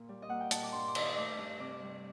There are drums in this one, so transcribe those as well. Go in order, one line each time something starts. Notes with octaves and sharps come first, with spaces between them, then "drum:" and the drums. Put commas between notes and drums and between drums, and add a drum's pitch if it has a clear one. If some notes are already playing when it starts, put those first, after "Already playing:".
Already playing: A#2 A#3
G3
D#5
A#3 F#5
G5
A#2 A5, drum: hi-hat
D6
G2 C6
D6
D#3, drum: cymbal
D#6
A3 D6
G2
C3 D6
G3